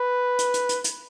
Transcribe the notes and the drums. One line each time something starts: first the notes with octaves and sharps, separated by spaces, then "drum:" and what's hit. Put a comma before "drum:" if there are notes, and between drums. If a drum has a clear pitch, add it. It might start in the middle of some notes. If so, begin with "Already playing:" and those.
Already playing: B4
drum: hi-hat
drum: hi-hat
drum: hi-hat
drum: hi-hat